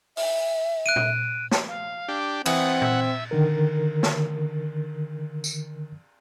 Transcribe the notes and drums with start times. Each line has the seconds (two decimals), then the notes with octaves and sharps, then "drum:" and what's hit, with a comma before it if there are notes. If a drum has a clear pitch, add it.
0.17 E5, drum: open hi-hat
0.86 F#6 D7 D#7
0.96 drum: tom A#2
1.51 drum: snare
1.68 F5
2.08 D4 G4
2.46 E3 C4 F#5 D#6, drum: cymbal
2.82 E5, drum: tom A#2
3.31 D3 D#3 A#4
4.03 drum: snare
5.44 drum: tambourine